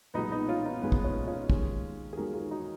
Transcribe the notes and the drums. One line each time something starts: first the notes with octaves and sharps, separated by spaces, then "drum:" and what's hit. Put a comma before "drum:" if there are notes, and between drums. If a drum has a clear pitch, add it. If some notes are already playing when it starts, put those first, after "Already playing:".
B1 A#2 G#3 B3 D#4
B3 D#4
C#4 F4
B3 D#4
B1 A#2 G#3 B3
drum: kick
C#4
C#4 F4
D#2 D#3 G#3, drum: kick
G#4
D#2 D#3 G#3 F#4 A#4
F4 G#4
D#4 F#4